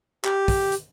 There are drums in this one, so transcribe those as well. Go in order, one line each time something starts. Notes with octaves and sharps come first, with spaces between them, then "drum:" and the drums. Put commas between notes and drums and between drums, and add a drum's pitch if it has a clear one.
G4, drum: clap
drum: kick, open hi-hat
drum: hi-hat